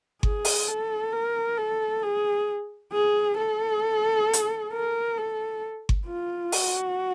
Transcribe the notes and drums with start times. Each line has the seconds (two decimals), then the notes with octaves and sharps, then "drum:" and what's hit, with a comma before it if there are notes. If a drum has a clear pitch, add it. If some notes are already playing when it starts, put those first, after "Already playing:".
0.23 G#4, drum: kick G1
0.45 drum: open hi-hat
0.68 A4
1.13 A#4
1.58 A4
2.03 G#4
2.93 G#4
3.38 A4
4.33 drum: hi-hat
4.73 A#4
5.17 A4
5.89 drum: kick G1
6.07 F4
6.52 F#4, drum: open hi-hat